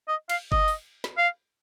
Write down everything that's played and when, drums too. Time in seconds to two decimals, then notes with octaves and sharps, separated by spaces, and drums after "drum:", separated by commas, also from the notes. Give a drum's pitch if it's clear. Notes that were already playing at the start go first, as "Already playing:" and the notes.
0.08 D#5
0.30 F5, drum: cymbal
0.52 D#5, drum: kick G1
0.68 drum: open hi-hat
1.04 drum: snare
1.18 F5